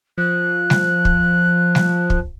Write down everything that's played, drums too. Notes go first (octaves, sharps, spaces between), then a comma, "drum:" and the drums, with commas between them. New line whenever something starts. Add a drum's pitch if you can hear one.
F3 F#6
drum: snare G3
drum: kick
drum: snare G3
drum: kick